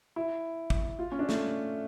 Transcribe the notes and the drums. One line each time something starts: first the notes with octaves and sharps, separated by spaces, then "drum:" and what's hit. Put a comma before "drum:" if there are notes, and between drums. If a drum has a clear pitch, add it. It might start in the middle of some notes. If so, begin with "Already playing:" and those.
E4
drum: kick
F4
C#4
D4
A3, drum: snare